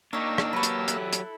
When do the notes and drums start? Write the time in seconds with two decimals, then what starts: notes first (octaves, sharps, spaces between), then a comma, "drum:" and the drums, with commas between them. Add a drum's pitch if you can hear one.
0.13 A#3 D4 D#4 G4 C#5 C#6 E6
0.38 drum: rim click
0.53 F#3 G4 B4 C#5 A5
0.63 drum: hi-hat
0.88 E4 A4 F#6, drum: hi-hat
1.13 drum: hi-hat